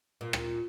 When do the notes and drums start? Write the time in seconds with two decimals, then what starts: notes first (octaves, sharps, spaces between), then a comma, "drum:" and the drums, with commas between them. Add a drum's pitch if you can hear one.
0.21 A#2
0.33 drum: rim click